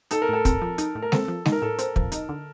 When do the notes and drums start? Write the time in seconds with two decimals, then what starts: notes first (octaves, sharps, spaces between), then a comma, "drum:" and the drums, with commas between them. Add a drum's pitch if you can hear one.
0.11 D#4 A4, drum: hi-hat
0.22 A#4
0.29 A2 A4
0.45 C4, drum: kick, hi-hat
0.61 F3
0.78 D#4, drum: hi-hat
0.95 A2
1.02 A#4
1.12 C4 A4, drum: snare
1.28 F3
1.46 D#4, drum: snare
1.52 A#4
1.62 A2 A4
1.79 C4, drum: hi-hat
1.96 F3, drum: kick
2.12 D#4, drum: hi-hat
2.29 D3